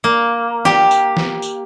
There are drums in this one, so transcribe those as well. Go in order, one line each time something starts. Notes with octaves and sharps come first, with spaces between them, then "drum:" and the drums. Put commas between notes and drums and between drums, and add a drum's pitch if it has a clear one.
A#3
G4, drum: snare
drum: tambourine
drum: snare
drum: tambourine